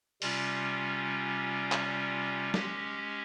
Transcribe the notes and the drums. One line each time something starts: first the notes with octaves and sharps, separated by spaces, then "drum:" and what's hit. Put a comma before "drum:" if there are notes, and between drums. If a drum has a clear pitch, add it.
C3 G3 C#4 F4, drum: open hi-hat
drum: clap
G#3 C#4 G4, drum: snare